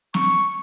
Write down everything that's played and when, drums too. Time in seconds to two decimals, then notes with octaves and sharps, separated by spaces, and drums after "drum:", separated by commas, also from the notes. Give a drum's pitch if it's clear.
0.14 C#6, drum: snare